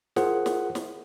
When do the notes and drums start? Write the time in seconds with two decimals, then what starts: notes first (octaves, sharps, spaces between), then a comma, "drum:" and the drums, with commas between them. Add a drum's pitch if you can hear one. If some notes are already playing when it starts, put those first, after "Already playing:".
0.16 F4 G#4 A#4 C5 F#5, drum: snare
0.46 drum: snare
0.75 drum: snare